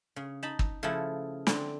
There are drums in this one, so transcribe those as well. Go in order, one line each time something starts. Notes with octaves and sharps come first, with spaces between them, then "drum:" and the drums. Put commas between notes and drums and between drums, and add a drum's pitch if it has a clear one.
C#3
D#4 A5 B5
drum: kick
C#3 F3 A3 E4
D3 C4, drum: snare